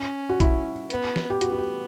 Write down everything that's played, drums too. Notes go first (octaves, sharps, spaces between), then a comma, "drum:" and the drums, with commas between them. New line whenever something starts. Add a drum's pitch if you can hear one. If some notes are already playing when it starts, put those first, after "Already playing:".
Already playing: C#4
F#4
E4, drum: kick A#1, hi-hat
B3, drum: hi-hat
drum: snare
G4
B3 F#4, drum: hi-hat
F#4
G4